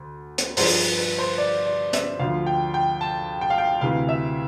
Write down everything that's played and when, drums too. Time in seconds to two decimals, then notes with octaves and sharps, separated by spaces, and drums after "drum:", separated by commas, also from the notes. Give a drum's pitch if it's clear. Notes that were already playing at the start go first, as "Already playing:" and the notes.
Already playing: D2
0.38 drum: hi-hat
0.57 G2 F3 C5, drum: open hi-hat
0.77 B4
0.97 B4
1.19 C5
1.38 D5
1.66 D5
1.93 E5, drum: hi-hat
2.19 D2 D3 F3 F5
2.47 G5
2.74 G5
3.01 A5
3.41 G5
3.50 F5
3.58 G5
3.81 D2 C3 E3 F5
4.09 E5